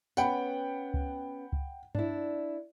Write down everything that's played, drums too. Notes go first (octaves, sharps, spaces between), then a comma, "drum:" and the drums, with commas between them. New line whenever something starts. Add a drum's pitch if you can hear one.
B3 C#4 F#5 G5 B5, drum: tambourine
drum: kick C#2
drum: kick C#2
D4 E4, drum: tom G2